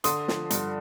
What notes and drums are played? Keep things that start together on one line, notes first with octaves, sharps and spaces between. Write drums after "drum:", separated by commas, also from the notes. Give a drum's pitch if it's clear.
D3 C6 D#6, drum: hi-hat
F3, drum: snare
G2, drum: hi-hat